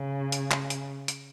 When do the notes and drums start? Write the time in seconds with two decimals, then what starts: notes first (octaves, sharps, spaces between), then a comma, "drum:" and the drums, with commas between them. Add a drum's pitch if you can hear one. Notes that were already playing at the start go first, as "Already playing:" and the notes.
Already playing: C#3
0.32 drum: hi-hat
0.51 drum: clap
0.70 drum: hi-hat
1.08 drum: hi-hat